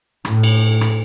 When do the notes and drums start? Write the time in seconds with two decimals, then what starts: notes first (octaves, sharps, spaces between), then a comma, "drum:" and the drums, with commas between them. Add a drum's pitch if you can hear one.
0.25 A2, drum: rim click
0.43 drum: cymbal
0.81 drum: rim click